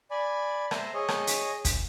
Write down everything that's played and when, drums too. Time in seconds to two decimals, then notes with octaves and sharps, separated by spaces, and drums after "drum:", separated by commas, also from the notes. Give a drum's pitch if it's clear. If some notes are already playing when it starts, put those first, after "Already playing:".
0.11 D5 G#5 B5
0.71 C5 E5 A#5, drum: rim click
0.94 G#4 C#5 D#5
1.08 drum: rim click
1.27 drum: hi-hat
1.65 drum: kick, hi-hat